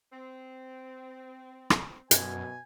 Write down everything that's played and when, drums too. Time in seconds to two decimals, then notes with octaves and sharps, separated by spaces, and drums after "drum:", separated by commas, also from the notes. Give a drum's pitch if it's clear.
0.12 C4
1.70 drum: rim click
2.11 F#2 B2 G#5, drum: hi-hat